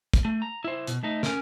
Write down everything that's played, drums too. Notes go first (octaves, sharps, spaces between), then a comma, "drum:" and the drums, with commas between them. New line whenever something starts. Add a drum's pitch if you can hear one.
drum: kick, hi-hat
A3
A#5
E4 C5
B2, drum: hi-hat
A3 D#4
C#4 A#4, drum: snare